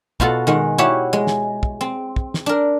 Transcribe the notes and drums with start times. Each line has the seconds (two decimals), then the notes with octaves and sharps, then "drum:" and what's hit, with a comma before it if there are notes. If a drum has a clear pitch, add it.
0.20 B2 F4 F#4 A4, drum: kick
0.47 D#3 G#3 F#4
0.78 E4 F#4 G4 C#5 E5
1.13 G#3
1.27 drum: snare
1.63 drum: kick
1.81 C4
2.16 drum: kick
2.34 drum: snare
2.46 D4 A#4